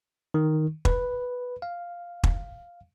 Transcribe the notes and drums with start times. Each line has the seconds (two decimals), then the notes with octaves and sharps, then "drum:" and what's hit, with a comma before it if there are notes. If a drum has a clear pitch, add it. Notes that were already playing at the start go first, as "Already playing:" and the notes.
0.34 D#3
0.85 B4, drum: kick
1.62 F5
2.24 drum: kick